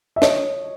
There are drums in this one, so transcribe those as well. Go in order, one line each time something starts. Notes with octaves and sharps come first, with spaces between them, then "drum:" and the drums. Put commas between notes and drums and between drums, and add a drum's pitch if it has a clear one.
E5
C#5 D#5, drum: snare